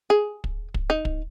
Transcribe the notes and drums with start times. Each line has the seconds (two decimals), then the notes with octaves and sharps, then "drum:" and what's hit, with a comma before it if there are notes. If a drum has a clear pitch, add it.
0.10 G#4
0.44 drum: kick
0.74 drum: kick
0.90 D#4
1.05 drum: kick